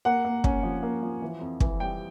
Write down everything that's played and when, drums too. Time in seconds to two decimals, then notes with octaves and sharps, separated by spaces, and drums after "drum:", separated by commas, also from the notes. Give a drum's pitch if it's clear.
0.05 A#3 F#5
0.25 A#3
0.44 C#4, drum: kick
0.63 F3
0.83 A#3
1.03 F3
1.22 E3
1.41 F2
1.60 E3, drum: kick
1.80 G3 G5